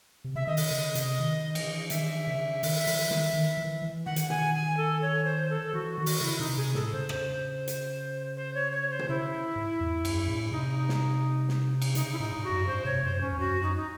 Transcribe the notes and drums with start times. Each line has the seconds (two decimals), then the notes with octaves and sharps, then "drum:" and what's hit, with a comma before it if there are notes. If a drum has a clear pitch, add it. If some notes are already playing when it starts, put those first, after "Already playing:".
0.24 C3
0.35 C#3 E5
0.47 D#3 D#5
0.57 drum: open hi-hat
0.71 C#3
0.95 C3, drum: hi-hat
1.19 D#3
1.55 E3, drum: cymbal
1.90 D#3 E5, drum: hi-hat
2.27 C#3
2.63 D#3, drum: open hi-hat
2.87 E3, drum: open hi-hat
3.11 D#3, drum: snare
3.33 D#3
3.57 E3
3.82 E3
4.06 D#3 F#5
4.16 drum: hi-hat
4.30 G#5, drum: tom B2
4.54 G#5
4.77 A4
5.02 C#5
5.25 C5
5.50 A4
5.73 E3 F#4
5.97 D#3 F#4
6.06 drum: open hi-hat
6.21 C#3 E4
6.39 C3 D#4
6.57 C3 G#4
6.75 A2 A4, drum: snare
6.93 C#3 C5
7.09 drum: rim click
7.68 drum: hi-hat
8.37 C5
8.55 C#5
8.72 C#5
8.90 C5
8.99 drum: tom B2
9.09 C#3 E4
9.56 G#2
9.80 E2
10.05 F#2, drum: cymbal
10.28 A2
10.51 C3 D#4
10.89 drum: snare
11.49 drum: snare
11.82 drum: cymbal
11.95 C#3 D#4, drum: hi-hat
12.12 E4
12.19 A2 D#4
12.32 G#2
12.44 F#4
12.49 F#2
12.67 G#2 C5
12.85 C3 C#5
13.03 F#2 C5
13.21 G#2 C#4
13.32 E2
13.39 F#2 F#4
13.63 D#4
13.76 D#4